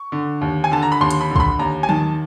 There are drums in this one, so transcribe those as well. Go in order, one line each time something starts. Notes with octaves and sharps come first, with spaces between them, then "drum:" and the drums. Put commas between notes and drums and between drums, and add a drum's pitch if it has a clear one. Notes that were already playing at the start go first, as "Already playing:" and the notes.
Already playing: C#6
D3
D#2
G#5
D3 A5
A#5
B5
D#2 C6
drum: hi-hat
B5
D3
C6, drum: kick
B5
D#2 A#5
G#5
D#3 A5, drum: tom F3